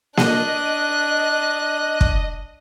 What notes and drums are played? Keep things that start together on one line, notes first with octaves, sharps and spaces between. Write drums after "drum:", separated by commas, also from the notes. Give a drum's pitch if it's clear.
D4 D#5 F#6, drum: snare A#3
drum: kick